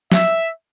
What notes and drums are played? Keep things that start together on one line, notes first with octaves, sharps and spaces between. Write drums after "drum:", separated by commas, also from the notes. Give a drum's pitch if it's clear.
E5, drum: snare F#3